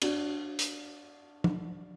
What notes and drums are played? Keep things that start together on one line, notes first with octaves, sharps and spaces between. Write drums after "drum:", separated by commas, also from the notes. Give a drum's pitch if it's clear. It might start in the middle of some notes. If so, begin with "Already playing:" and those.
D4 F#4, drum: cymbal
drum: hi-hat
drum: tom